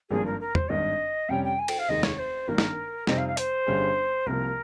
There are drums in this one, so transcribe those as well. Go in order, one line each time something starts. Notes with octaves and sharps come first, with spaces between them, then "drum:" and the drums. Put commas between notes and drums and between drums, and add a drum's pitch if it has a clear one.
G#1 G2 F3 A#3 G#4
A#4
A#4
C5, drum: tom
G#1 G2 D#3 D#5
F2 C3 G3 C#4 G5
G5
G#5
G5, drum: cymbal
F5
F1 D#2 D#3 G#3 D#4 D#5
C#5, drum: snare
C5
G#1 G2 D#3 A#3 A#4
drum: snare
F2 C3 G3 C4 D#4 D#5, drum: snare
F5
F5
C5, drum: hi-hat
G1 G2 G3 C#4 G#4
C2 C3 F3 A#3 A#4